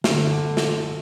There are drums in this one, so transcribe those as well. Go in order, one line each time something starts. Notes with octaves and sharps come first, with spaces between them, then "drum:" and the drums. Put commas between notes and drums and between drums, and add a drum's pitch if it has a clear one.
D3, drum: snare
drum: snare